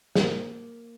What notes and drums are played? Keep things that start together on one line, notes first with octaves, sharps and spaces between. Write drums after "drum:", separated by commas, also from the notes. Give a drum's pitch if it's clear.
A#3, drum: snare